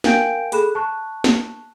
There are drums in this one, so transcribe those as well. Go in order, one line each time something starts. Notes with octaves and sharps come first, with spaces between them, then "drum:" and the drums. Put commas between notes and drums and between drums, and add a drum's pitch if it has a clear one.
A#4 F5 G5 G#5 G6 D7, drum: snare
G#4 A4 B5 F#6 E7, drum: hi-hat
A5 C#6 F#6
drum: snare